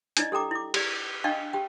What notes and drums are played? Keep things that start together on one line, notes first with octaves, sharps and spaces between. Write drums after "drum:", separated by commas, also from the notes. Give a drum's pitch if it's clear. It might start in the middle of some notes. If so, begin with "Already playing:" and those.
D4 E4 D5 D#5, drum: hi-hat
G4 A4 G5 A#5 D6
E4 D6
G4 D5, drum: cymbal
D4 D#5 F5 G5 C#6
G4 G5